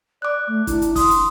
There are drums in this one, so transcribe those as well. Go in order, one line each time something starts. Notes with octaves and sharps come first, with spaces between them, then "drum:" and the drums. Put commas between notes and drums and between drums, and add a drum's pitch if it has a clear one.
D5 D6 F#6
A3
D4 E4, drum: kick, hi-hat
drum: hi-hat
C6 D#6, drum: kick, open hi-hat
drum: hi-hat